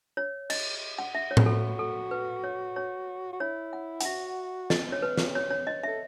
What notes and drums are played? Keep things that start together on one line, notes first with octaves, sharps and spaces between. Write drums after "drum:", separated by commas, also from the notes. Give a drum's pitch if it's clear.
C#5
D#5, drum: cymbal
F#5
E5
C#5
G#4, drum: tom A2
F#4 A4
A4
B4
C#5
C#5
F#4
E4 C#5
F#5
F#5, drum: hi-hat
F#4 E5
D#5, drum: snare
C#5
B4
drum: snare
C#5
C#5
D#5
A4 E5